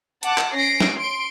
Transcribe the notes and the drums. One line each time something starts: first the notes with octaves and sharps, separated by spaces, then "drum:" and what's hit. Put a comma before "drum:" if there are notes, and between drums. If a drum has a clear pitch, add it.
F#5 A5 D6, drum: hi-hat
drum: clap
C#4 A#6 C7 D7
drum: snare
C6 D7